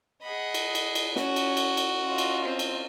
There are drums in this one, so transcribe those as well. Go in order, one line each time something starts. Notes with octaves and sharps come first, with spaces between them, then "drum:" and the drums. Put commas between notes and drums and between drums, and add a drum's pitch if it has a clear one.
G#4 D#5 F#5 B5
drum: cymbal
drum: cymbal
drum: cymbal
C#4 F#4, drum: snare
drum: cymbal
drum: cymbal
drum: cymbal
C#4 F4 D#5
drum: cymbal
C4
drum: cymbal